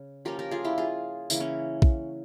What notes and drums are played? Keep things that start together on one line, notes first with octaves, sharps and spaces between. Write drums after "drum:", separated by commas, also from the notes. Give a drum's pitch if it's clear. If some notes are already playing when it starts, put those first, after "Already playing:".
Already playing: C#3
F3 A#3 C#4 G4 A#4
G4 A#4
F4 G#4
E4 G4
F4 G#4
C#3 E3 A#3, drum: tambourine
C#4
drum: kick A#1